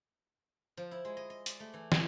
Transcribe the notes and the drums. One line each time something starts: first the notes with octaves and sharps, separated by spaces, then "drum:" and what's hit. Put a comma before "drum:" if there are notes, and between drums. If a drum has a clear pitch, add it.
F3
E4
G#3
D#5
D#5
D5, drum: hi-hat
A3
E3
G#5, drum: snare